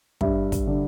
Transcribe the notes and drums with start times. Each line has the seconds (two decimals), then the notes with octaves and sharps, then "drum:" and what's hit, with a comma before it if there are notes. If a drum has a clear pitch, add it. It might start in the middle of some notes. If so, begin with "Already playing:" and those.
0.21 G2 E5, drum: kick
0.52 drum: kick, hi-hat
0.67 D3